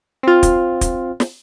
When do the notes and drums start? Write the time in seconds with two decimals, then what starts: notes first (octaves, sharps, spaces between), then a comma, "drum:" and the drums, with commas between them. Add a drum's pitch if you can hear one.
0.23 C4 F4
0.43 drum: kick, hi-hat
0.81 drum: kick, hi-hat
1.20 drum: snare